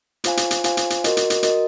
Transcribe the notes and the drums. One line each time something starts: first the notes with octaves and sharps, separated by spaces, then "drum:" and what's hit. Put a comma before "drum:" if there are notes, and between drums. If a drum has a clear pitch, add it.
F4 C5 F5 G#5, drum: hi-hat
drum: hi-hat
drum: hi-hat
F4 C5 F5 G#5, drum: hi-hat
drum: hi-hat
drum: hi-hat
F#4 A#4 D#5, drum: hi-hat
drum: hi-hat
drum: hi-hat
F#4 A#4 D#5, drum: hi-hat